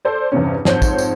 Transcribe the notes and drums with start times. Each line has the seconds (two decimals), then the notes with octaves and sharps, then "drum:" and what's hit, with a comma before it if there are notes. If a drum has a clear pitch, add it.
0.05 A4 C5 D5
0.32 E2 G2 C3 C#4
0.65 F2 G#2 C4 C#5 G6, drum: snare
0.82 drum: kick, tambourine
0.98 drum: tambourine